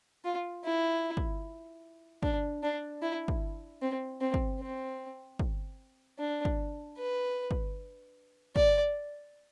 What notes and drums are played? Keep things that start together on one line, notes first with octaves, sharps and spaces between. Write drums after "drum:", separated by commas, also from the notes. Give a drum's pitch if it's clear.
F4
E4
drum: kick
D4, drum: kick
D4
E4
drum: kick
C4
C4
drum: kick
C4
drum: kick
D4
drum: kick
B4
drum: kick
D5, drum: kick